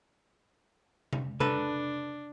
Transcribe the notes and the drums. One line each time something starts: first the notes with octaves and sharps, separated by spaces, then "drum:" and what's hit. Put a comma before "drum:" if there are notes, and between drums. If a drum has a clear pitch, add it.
drum: tom C3
D4 A4 B4, drum: tom C3